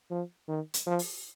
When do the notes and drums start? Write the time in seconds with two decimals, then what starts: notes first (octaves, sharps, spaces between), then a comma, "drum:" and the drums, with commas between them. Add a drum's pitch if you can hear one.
0.11 F3
0.48 D#3
0.74 drum: hi-hat
0.86 F3
0.99 drum: open hi-hat